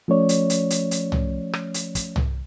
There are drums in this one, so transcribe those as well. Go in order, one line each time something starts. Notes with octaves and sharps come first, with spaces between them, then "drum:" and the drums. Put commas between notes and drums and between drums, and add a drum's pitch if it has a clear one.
F3 A3 C#4 C#5 D5
drum: hi-hat
drum: hi-hat
drum: hi-hat
drum: hi-hat
drum: tom C2
drum: rim click
drum: hi-hat
drum: kick, hi-hat
drum: tom C2